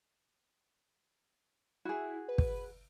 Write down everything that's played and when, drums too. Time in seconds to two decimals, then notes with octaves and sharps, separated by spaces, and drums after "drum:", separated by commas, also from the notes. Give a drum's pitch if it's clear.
1.85 E4 F#4 G#4
2.28 B4
2.38 drum: kick